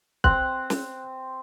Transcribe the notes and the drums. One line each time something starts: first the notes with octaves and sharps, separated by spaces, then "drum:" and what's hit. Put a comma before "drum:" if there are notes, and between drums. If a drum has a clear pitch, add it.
C4 F#6, drum: kick
drum: snare